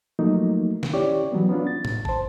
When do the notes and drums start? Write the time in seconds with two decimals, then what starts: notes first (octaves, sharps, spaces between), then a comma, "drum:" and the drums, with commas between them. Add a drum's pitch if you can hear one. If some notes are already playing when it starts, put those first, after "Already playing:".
0.19 F3 F#3 A3 A#3 D#4
0.83 drum: snare
0.93 C#4 E4 G4 C#5 D5
1.32 E3 F#3 G3 B3
1.49 B3 C#4 D4 F4
1.67 A6
1.85 drum: tom A2
2.05 C5 A5, drum: kick G1